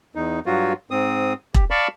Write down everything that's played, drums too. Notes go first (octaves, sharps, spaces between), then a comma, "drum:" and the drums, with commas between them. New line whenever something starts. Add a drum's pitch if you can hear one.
E2 D#4
G2 F#3 F4 F#4
G#2 C4 D#6
G4, drum: kick E1
D5 F5 A5 B5 C#6